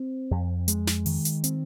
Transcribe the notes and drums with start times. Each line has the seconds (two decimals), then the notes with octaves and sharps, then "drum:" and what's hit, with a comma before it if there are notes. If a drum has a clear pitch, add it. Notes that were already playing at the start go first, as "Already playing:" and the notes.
Already playing: C4
0.31 F2
0.68 G#3, drum: hi-hat
0.87 drum: snare
1.06 D#3, drum: open hi-hat
1.25 drum: hi-hat
1.44 C4, drum: hi-hat